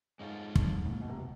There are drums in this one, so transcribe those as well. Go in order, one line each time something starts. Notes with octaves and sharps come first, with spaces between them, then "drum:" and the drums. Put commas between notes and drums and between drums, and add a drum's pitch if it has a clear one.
G#2 G#3 C#4 F4 A4
drum: kick
A2
A#2
B2
C3
B2